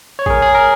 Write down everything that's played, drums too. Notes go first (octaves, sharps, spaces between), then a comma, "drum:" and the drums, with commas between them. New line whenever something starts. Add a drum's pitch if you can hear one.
C#5
G#4, drum: kick G#1
A#4
G#4
A#4